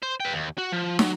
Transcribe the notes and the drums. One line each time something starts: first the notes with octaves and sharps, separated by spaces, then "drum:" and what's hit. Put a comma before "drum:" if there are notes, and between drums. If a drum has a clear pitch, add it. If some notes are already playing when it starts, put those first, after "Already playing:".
C5
B4 G5
D#2
F#4
F3
F#3, drum: snare